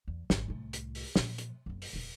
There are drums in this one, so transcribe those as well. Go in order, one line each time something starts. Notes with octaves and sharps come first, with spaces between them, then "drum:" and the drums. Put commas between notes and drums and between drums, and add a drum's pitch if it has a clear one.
E2
G#1 F#2, drum: snare
C2 A2
drum: hi-hat
drum: open hi-hat
A#2 F3, drum: snare
drum: hi-hat
F#1 C4
drum: open hi-hat
D#1 E2